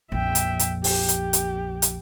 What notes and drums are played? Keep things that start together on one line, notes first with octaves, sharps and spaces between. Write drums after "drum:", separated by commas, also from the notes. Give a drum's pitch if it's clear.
A#1 F2 E5 G5
drum: hi-hat
drum: hi-hat
G4, drum: open hi-hat
drum: hi-hat
drum: hi-hat
drum: hi-hat